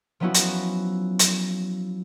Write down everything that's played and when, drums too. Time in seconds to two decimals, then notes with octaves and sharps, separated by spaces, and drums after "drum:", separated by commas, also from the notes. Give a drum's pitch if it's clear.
0.20 F3 F#3 B3 C#4 E4 F#4
0.34 drum: hi-hat
1.19 drum: hi-hat